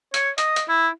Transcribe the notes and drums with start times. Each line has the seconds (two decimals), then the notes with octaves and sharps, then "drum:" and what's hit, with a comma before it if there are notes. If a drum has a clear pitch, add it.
0.14 C#5, drum: hi-hat
0.38 D#5, drum: hi-hat
0.56 drum: hi-hat
0.69 E4